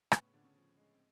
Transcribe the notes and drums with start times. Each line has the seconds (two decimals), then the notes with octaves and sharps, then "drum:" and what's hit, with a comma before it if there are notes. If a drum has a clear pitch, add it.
0.12 A2 B3, drum: rim click
0.22 C#3 C#4
0.33 A2 D3 D4
0.44 C#3 C#4
0.56 F3
0.77 G#3
0.93 C4